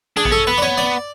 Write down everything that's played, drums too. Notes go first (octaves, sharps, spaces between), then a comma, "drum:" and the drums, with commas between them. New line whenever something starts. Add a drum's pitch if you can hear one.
D4 G#4
B3, drum: kick A1
C#4 A4
B3 B4
D5
B3 C#5
D5